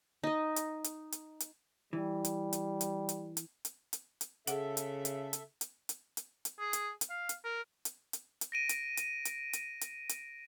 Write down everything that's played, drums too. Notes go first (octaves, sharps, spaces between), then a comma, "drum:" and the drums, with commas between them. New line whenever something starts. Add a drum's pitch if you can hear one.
D#4 D#5
drum: hi-hat
drum: hi-hat
drum: hi-hat
drum: hi-hat
E3 G3
drum: hi-hat
drum: hi-hat
drum: hi-hat
drum: hi-hat
drum: hi-hat
drum: hi-hat
drum: hi-hat
drum: hi-hat
C#3 G#4 A4 E5 F#5, drum: hi-hat
drum: hi-hat
drum: hi-hat
drum: hi-hat
drum: hi-hat
drum: hi-hat
drum: hi-hat
drum: hi-hat
G#4
drum: hi-hat
drum: hi-hat
F5
drum: hi-hat
A#4
drum: hi-hat
drum: hi-hat
drum: hi-hat
A#6 D7 D#7
drum: hi-hat
drum: hi-hat
drum: hi-hat
drum: hi-hat
drum: hi-hat
drum: hi-hat